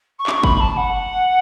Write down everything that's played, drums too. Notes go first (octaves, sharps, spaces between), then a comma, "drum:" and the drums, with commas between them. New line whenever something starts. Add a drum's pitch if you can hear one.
C#6
D6, drum: clap
C#6
B5, drum: kick
A5
F#5